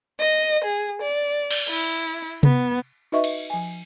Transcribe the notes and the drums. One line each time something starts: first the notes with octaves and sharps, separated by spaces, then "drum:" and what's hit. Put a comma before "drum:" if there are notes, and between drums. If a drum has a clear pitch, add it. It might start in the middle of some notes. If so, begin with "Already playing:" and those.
D#5
G#4
D5
drum: cymbal
E4
B3, drum: tom C3
D#4 F#4 B4 D#5 E5 C#6
drum: cymbal
F3 G#5